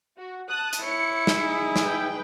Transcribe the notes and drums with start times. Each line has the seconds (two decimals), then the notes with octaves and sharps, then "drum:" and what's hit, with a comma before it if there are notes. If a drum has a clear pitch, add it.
0.18 F#4
0.48 A5 D#6 F#6
0.73 drum: hi-hat
0.82 E4 C#5 C#7
1.27 drum: snare
1.36 D#4 G#4
1.76 drum: snare
1.86 B4 G5